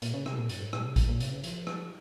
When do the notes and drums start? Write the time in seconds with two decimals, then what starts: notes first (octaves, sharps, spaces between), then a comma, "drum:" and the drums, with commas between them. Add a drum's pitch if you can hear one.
0.02 A#2, drum: hi-hat
0.14 C#3
0.26 C3, drum: rim click
0.38 A#2
0.49 F#2, drum: hi-hat
0.61 G#2
0.73 A#2, drum: rim click
0.85 C3
0.96 A#2, drum: kick A1, hi-hat
1.09 A#2
1.20 C3, drum: hi-hat
1.31 C#3
1.44 F3, drum: hi-hat
1.67 drum: rim click